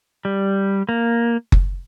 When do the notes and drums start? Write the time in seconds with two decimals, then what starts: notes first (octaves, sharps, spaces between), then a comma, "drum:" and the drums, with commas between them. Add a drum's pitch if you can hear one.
0.25 G3
0.89 A#3
1.52 drum: kick F#1